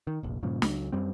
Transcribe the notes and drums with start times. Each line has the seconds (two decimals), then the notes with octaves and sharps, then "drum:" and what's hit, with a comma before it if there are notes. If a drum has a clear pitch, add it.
0.07 D#3
0.23 F1 A#1
0.43 G2 A#2 C#3 F3
0.62 C#2 F#3, drum: snare
0.92 F#2 G3 C4